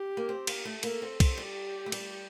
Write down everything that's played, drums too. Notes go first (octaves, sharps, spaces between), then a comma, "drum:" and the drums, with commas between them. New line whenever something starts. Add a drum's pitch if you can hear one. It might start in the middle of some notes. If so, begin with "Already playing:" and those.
Already playing: G4
A#3
C4
A#3, drum: cymbal
A3
A#3 A4, drum: cymbal
C4
C4, drum: kick, cymbal
G3 G4
A3
G3, drum: cymbal